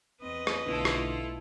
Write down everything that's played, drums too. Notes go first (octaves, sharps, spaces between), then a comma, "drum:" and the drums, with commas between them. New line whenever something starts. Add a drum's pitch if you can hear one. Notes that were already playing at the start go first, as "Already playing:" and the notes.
E2 C4 B4 D#5
drum: rim click
B1 D3 A3 B3 E4 F4 A4
drum: rim click